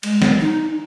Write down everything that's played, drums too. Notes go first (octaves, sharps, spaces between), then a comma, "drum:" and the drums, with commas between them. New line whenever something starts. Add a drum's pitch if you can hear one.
G#3, drum: cymbal
drum: snare
D#4